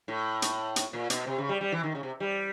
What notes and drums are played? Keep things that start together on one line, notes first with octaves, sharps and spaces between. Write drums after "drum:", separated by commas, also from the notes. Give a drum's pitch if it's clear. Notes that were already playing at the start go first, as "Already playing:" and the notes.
A2
drum: hi-hat
drum: hi-hat
A#2
B2, drum: hi-hat
C3
C#3
G3
G3
E3
D#3
C#3
C3
G3